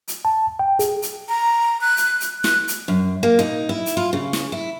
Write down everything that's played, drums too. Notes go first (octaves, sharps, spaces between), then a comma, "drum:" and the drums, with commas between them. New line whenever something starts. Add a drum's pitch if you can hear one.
drum: hi-hat
A5
G5
G#4, drum: hi-hat
drum: hi-hat
A#5
F#6
drum: hi-hat
drum: hi-hat
F#6, drum: snare
drum: hi-hat
F#2
A#3
D#4, drum: tom A#2
E4
drum: hi-hat
F4
C#3
drum: snare
E4